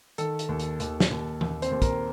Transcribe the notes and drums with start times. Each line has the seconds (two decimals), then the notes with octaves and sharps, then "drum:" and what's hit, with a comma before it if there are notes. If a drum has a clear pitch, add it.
0.18 D#3 A4, drum: hi-hat
0.39 drum: hi-hat
0.49 D#2
0.60 drum: hi-hat
0.80 D#2, drum: hi-hat
1.00 drum: snare
1.11 D#2
1.41 D#2, drum: tom E3
1.62 C4 C5, drum: hi-hat
1.71 D#2
1.82 A#4, drum: kick, hi-hat